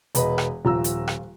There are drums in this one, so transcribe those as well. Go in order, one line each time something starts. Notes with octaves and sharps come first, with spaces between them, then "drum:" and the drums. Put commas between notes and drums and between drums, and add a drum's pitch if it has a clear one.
E1 B4 D#5, drum: hi-hat
drum: rim click
D#1 F3 A#5 E6
drum: hi-hat
drum: rim click